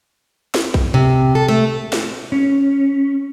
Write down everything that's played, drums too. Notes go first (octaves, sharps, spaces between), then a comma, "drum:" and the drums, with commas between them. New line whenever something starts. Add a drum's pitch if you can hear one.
drum: snare
drum: kick A#1
C3
A4
A3
drum: snare
C#4